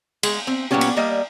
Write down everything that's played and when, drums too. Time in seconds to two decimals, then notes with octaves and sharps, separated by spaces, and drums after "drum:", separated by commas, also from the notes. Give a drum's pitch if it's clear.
0.23 G#3, drum: cymbal
0.47 C4
0.71 A#2 C#3 F#3 B3 C#4 G4
0.81 drum: cymbal
0.97 G3 A#3 D#5